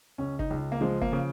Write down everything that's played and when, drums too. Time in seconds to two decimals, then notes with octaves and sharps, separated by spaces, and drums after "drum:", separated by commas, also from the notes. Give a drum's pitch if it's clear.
0.18 C#2 C#4
0.39 D#4, drum: kick F#1
0.50 C#2
0.72 A#3
0.81 F3 G#3
1.02 A#3, drum: kick F#1
1.12 C#3